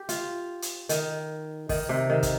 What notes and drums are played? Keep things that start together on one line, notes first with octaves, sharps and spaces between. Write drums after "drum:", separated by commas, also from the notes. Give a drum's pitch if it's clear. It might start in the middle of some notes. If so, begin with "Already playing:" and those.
Already playing: G4
F4, drum: hi-hat
drum: hi-hat
D#3, drum: hi-hat
D#3, drum: kick, open hi-hat
C3
D#3
drum: kick, hi-hat